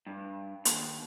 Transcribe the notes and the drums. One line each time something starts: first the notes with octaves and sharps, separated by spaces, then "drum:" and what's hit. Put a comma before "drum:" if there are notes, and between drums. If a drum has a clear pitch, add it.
G2
D#2, drum: hi-hat